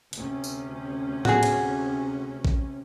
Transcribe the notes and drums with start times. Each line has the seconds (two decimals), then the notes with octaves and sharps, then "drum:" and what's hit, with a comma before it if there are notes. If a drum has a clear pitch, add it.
0.13 D2 C3 C#4, drum: hi-hat
0.44 drum: tambourine
1.25 F#4 G#4, drum: tom
1.43 drum: cymbal
2.45 drum: kick A#1